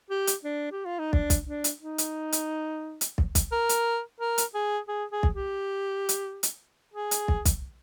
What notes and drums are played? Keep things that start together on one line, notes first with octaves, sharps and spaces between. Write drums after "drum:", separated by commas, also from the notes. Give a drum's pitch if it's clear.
G4
drum: hi-hat
D4
G4
F4
D#4
D4, drum: kick
drum: kick, hi-hat
D4
drum: hi-hat
D#4
drum: hi-hat
drum: hi-hat
drum: hi-hat
drum: kick
drum: kick, hi-hat
A#4
drum: hi-hat
A#4
drum: hi-hat
G#4
G#4
G#4
drum: kick
G4
drum: hi-hat
drum: hi-hat
G#4
drum: hi-hat
drum: kick
drum: kick, hi-hat